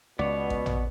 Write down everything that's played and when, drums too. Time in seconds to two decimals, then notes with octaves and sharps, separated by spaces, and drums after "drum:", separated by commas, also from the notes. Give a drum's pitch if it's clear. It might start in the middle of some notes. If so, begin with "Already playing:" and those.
0.19 C#2 B2 B3 C#5 D5
0.50 drum: kick G#1
0.66 drum: tom